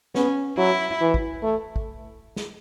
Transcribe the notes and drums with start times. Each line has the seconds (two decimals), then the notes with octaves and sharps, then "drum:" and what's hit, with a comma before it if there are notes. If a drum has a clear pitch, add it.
0.15 B3 C#4, drum: snare
0.58 F#3 E4
1.01 E3
1.14 drum: kick
1.43 A3
1.76 drum: kick
2.36 drum: snare